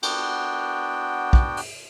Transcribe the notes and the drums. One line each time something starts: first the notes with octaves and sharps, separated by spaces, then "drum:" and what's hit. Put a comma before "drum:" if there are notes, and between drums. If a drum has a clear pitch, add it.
B3 D4 F#4 G5, drum: cymbal
drum: kick
drum: open hi-hat